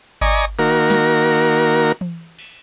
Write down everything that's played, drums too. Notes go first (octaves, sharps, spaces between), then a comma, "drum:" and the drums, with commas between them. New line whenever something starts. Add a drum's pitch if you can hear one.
D5 D#5 G#5 A#5 C#6, drum: kick G#1
D#3 A#3 F#4 A#4
drum: snare
drum: cymbal
drum: tom E3
drum: cymbal